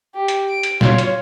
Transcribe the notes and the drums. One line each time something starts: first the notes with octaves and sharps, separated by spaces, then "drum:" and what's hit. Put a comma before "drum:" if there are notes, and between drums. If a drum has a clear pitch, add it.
G4
drum: hi-hat
D7
drum: hi-hat
F4 C#5, drum: snare
drum: hi-hat